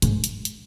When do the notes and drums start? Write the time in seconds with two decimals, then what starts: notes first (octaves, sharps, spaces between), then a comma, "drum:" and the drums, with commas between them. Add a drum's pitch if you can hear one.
0.02 G#2, drum: hi-hat
0.24 drum: hi-hat
0.45 drum: hi-hat